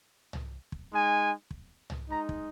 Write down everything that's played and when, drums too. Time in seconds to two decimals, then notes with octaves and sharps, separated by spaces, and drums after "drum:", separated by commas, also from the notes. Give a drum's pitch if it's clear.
0.33 drum: tom
0.72 drum: kick
0.92 G#3 D#4 G#5
1.51 drum: kick
1.90 drum: tom
2.09 G#3 D#4 A#5
2.29 drum: kick